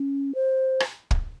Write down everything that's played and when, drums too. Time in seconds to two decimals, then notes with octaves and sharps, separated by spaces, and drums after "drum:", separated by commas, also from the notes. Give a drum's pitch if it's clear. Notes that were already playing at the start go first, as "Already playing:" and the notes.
Already playing: C#4
0.35 C5
0.80 drum: rim click
1.11 drum: kick